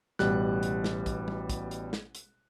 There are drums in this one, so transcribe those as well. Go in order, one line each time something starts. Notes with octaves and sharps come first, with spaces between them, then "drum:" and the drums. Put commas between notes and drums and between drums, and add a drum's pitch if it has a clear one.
A1 B2 G3 F#6, drum: snare
drum: hi-hat
drum: snare
drum: kick, hi-hat
drum: tom
drum: kick, hi-hat
drum: hi-hat
drum: snare
drum: hi-hat